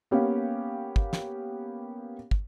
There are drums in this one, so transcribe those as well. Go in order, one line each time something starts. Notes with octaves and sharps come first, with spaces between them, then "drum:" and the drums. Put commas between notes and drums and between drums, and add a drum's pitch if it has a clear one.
A#3 B3 C#4 G4 F5
drum: kick
drum: snare
drum: kick